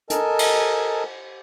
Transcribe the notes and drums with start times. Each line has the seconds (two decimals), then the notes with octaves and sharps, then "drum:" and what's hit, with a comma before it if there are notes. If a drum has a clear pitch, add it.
0.10 A4 A#4 D#5 G#5 A5, drum: hi-hat
0.39 drum: cymbal